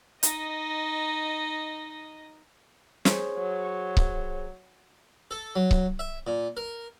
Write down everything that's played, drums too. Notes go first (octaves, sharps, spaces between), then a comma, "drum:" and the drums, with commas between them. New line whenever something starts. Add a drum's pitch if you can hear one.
D#4 D#5, drum: hi-hat
G#4 C5 C#5, drum: snare
F#3
drum: kick C#1
A4
F#3
drum: kick C#1
E5
A#2
A#4